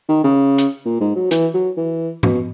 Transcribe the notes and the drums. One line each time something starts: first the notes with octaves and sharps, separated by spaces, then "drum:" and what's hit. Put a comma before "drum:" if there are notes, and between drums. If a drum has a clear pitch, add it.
D#3
C#3
drum: hi-hat
A#2
G#2
F#3
E3, drum: hi-hat
F#3
E3
B2, drum: tom G#2